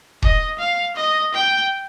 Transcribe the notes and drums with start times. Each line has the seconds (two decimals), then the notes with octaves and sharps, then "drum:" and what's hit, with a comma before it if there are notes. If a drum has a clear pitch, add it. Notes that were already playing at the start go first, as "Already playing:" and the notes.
0.22 D#5, drum: kick D#1
0.59 F5
0.96 D#5
1.34 G5